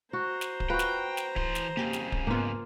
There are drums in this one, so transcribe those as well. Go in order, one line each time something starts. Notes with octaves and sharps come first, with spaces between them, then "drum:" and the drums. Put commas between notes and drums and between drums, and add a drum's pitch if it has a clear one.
F#4 C5 A#5
drum: snare
drum: kick D1
F4 F#4 B4 G5
drum: snare
drum: snare
E3 C6, drum: kick D1
drum: snare
F2 C#3 A#3 G4
drum: snare
drum: kick D1
G#2 A#3 B3 F4